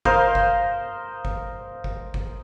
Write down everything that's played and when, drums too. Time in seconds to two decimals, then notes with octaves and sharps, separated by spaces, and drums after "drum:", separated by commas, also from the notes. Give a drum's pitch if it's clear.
0.05 A#4 C5 D#5 F5, drum: kick
0.35 drum: kick
1.25 drum: kick
1.84 drum: kick
2.14 drum: kick